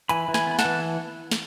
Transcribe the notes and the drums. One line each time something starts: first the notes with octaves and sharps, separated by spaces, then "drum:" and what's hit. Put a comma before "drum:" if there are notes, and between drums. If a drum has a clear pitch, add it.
E3 G#5 B5, drum: hi-hat
E3
G#5 B5, drum: snare
B3 B5
F#5 A5, drum: snare
E3
drum: snare